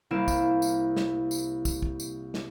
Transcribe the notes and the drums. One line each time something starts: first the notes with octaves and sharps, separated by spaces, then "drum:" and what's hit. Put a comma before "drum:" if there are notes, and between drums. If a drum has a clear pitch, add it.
C2 A#3 E4 F5 D7 E7
drum: kick, tambourine
drum: tambourine
drum: snare
drum: tambourine
drum: kick, tambourine
drum: kick
drum: tambourine
drum: snare